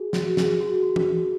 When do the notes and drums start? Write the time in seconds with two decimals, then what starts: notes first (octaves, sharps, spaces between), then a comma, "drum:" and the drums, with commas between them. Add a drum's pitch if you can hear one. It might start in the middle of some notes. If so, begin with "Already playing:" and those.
Already playing: F#4 G#4
0.13 F#4, drum: snare
0.37 G#4, drum: snare
0.61 F#4
0.83 F#4
0.96 drum: tom E3